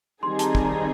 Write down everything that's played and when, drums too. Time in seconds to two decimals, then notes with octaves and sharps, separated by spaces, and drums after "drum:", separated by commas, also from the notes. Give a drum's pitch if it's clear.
0.23 D#3 G3 C4 D#4 G#4 C6
0.39 A5, drum: hi-hat
0.44 A#5
0.55 drum: kick
0.65 A#5